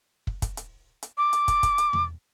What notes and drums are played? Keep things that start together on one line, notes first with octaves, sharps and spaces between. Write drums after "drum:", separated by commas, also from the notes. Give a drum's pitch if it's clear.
drum: kick
drum: kick, hi-hat
drum: hi-hat
drum: hi-hat
D6
drum: hi-hat
drum: kick, hi-hat
drum: kick, hi-hat
drum: hi-hat
drum: tom E2